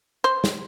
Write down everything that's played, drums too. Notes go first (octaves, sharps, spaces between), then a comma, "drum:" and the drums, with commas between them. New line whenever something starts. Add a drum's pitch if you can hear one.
C5
drum: snare